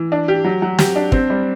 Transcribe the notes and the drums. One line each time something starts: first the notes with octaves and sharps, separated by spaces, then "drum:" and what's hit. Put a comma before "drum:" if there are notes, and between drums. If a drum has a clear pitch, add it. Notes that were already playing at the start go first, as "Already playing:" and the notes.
Already playing: E3
D4
G4
F#3
F#3
G4, drum: snare
D4
C4, drum: kick
G3